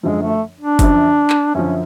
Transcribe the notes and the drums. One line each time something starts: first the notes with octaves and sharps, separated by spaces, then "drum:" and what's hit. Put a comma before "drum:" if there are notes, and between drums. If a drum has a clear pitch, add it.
F#2 D3 F3 G#3
A3
D4
F#2 D3 F3, drum: kick F#1, hi-hat
drum: clap
F#2 D3 F3 C#4